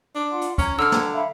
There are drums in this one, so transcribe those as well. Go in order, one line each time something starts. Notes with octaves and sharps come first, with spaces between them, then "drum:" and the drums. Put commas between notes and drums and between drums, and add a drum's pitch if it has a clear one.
D4
F4 F#5 C6
drum: hi-hat
C#4 A#5 G#6, drum: kick, hi-hat
D3 E6 F6
drum: snare
E5 F5 B5